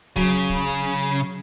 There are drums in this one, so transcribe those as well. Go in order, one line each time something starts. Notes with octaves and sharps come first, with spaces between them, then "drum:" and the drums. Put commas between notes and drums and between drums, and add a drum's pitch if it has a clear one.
C#3 F#3, drum: kick
drum: kick